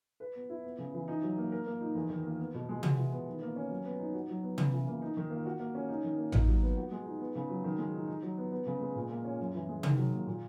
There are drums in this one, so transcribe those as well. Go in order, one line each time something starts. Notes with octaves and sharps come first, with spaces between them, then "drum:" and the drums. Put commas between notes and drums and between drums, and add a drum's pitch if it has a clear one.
B4
B3
E4
B3
C#3
E3
D#4
F#3
A#3
A#4
A#3
D#4
E2
D#3
A#3
B3
B2
G#3
F#4, drum: tom
E3
B3
D#3
A#3
C#4
F#3
B3
D#4
F#4
F#3
B3
C#3, drum: tom
E3
A#3
D#4
D#3
A#3
F#4
A#3
C#4
D#4
D#3
A#3
D#4, drum: tom A1
F#3
B3
F#4
G#3
D#4
B3
C#3
F#3
D#3
G#3
D#4
D#4
F#3
B3
B3
C#3
G#3
A#2
A#3
C#4
F#2
E3
G#3
D#3, drum: tom
F#3
A#3
A#2